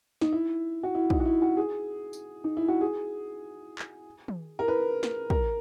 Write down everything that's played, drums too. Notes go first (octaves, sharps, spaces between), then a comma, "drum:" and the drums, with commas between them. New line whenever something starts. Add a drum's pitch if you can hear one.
D#4, drum: snare
E4
F#4
E4
D#4, drum: kick
F#4
E4
F#4
G#4
drum: tambourine
D#4
E4
F#4
G#4
drum: clap
drum: tom
A#4
B4
drum: snare
A#4, drum: kick